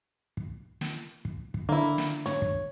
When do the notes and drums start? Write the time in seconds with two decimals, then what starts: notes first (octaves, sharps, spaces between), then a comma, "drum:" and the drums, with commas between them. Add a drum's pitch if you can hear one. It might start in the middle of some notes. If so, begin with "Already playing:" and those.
0.37 drum: kick
0.81 drum: snare
1.25 drum: kick
1.54 drum: kick
1.69 D3 A#3 E4
1.98 drum: snare
2.26 C#5, drum: tom
2.42 drum: kick